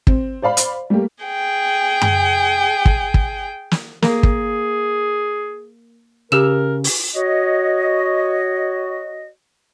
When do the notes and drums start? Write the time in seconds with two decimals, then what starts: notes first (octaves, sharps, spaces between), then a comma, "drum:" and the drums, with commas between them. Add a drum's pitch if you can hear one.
0.07 C4, drum: kick
0.42 C5 D5 F5 B5
0.57 drum: hi-hat
0.90 G3 A3 A#3 G4
1.24 G#4 G5
2.02 drum: tom F#2
2.86 drum: kick
3.14 drum: kick
3.71 drum: snare
4.02 A#3 G#4, drum: snare
4.23 drum: kick
6.32 C#3 G4 A#4 E6 E7
6.84 drum: open hi-hat
7.15 F#4 C#5 D#5